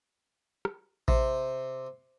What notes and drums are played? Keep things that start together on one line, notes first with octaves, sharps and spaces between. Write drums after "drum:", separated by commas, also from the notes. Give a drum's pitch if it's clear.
drum: rim click
C3, drum: kick A1